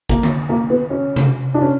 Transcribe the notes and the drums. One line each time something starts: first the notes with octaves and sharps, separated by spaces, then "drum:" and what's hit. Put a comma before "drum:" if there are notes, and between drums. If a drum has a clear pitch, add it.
A#3, drum: kick
drum: tom D3
A#3
B3
C#4
drum: tom C3
D4
C#4